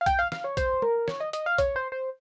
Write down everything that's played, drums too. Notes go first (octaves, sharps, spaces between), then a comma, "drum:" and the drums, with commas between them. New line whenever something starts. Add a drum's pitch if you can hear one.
F5
G5, drum: kick B1, hi-hat
F5
F5, drum: snare
C#5
C5, drum: kick B1, hi-hat
A#4, drum: tom
C#5, drum: snare
D#5
D#5, drum: hi-hat
F5
C#5, drum: kick B1, hi-hat
C5
C5